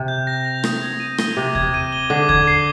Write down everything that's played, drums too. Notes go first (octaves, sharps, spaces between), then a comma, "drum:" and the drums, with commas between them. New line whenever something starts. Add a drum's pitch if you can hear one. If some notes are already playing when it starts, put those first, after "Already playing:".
Already playing: C3
G6
A#6
F7
D#6, drum: rim click
G#6
D#7
G7, drum: rim click
C3 D6
G#6, drum: kick D#2
D#7
G7
D3 D6
G#6, drum: kick D#2
C7